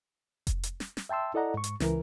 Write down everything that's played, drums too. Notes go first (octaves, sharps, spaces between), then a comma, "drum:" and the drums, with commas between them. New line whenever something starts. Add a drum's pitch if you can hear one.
drum: kick F1, hi-hat
drum: hi-hat
drum: snare
drum: snare
E5 G5 A5 C6 E6
E4 A4 D5 D#5 F#5 A#5
G#2 C#6
drum: hi-hat
C#2 E3 A#4, drum: snare